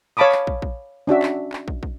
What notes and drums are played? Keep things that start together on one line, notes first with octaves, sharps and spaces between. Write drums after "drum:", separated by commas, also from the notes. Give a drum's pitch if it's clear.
C#5 F5 A5 B5 D6 D#6
drum: clap
drum: kick
drum: kick
C#4 D4 F#4 E5
drum: clap
drum: clap
drum: kick
drum: kick